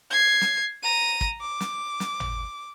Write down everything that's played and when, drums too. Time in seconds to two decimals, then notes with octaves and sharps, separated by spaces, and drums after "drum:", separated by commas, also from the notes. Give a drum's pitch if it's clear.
0.10 G#6 C7
0.41 drum: snare
0.83 A#5 D#7
1.21 drum: kick
1.41 D6
1.60 drum: snare
2.00 drum: snare
2.20 drum: tom